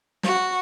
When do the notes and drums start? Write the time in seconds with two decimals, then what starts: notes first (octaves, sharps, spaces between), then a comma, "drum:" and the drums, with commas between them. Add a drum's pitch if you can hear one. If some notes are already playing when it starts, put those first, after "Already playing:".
0.23 F#4, drum: snare